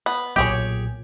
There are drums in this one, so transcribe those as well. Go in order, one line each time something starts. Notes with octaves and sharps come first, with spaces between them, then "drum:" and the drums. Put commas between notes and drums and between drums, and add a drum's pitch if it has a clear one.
B3
B1 A#2 G4 G#4 C#5, drum: kick